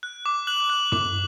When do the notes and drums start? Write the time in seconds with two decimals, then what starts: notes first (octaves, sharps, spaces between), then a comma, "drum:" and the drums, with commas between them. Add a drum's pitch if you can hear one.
0.03 F#6
0.26 D6
0.47 F#6 F#7
0.70 F#6
0.92 D6, drum: tom